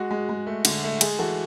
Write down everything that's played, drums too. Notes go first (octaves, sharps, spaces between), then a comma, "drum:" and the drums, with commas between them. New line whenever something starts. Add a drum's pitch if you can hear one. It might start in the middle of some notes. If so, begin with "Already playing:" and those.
Already playing: G#3 F#4
G#3
G#3
A3
D3, drum: cymbal
A3
G#3 G#4, drum: cymbal
E3 F#4 A4